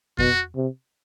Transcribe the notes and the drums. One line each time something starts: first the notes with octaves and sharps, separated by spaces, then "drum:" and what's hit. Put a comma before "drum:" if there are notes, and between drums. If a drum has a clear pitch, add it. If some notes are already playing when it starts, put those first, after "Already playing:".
B2 F#4, drum: kick F2
C3